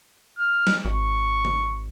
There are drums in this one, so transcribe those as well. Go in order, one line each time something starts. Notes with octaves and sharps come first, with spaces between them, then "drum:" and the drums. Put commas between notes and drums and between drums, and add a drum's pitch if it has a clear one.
F6
drum: snare
G#1 C#6
drum: tom C#3